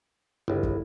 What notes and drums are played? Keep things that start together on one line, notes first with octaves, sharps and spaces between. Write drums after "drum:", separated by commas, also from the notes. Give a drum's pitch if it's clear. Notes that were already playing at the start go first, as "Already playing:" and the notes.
G1 C#2 E4
drum: kick